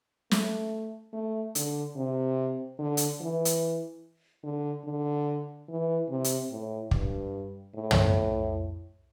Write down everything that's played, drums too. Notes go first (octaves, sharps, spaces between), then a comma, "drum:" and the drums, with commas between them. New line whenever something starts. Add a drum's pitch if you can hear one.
A3, drum: snare
A3
D3, drum: hi-hat
C3
D3
drum: hi-hat
E3
drum: hi-hat
D3
D3
E3
C3
drum: hi-hat
A2
G2, drum: kick
A2
drum: tom